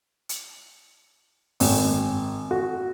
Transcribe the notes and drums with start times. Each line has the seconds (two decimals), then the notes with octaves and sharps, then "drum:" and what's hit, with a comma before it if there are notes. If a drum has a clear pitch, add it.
0.29 drum: hi-hat
1.60 G#1, drum: open hi-hat
2.51 F#4